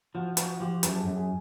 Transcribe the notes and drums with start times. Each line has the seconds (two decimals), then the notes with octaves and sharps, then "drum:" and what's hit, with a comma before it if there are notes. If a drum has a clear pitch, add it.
0.14 F3 F#4
0.37 F3 F#4, drum: hi-hat
0.60 F3 G4
0.83 F#2 G#4, drum: hi-hat
0.95 A4
1.05 F#2 G#4
1.17 G#4